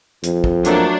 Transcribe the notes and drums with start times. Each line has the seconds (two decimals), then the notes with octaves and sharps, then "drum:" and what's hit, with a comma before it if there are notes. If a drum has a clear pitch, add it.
0.23 F2, drum: hi-hat
0.44 drum: kick
0.65 F#3 A3 A#3 D4, drum: hi-hat